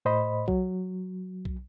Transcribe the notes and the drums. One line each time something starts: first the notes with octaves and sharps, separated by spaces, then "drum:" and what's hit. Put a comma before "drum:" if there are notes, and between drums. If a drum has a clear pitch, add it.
A2 C5 D#5 B5
F#3, drum: kick B1
drum: kick B1